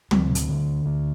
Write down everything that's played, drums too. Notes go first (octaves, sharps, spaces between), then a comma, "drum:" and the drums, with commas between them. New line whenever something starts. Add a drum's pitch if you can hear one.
D2 C4, drum: tom
drum: hi-hat
D3
D2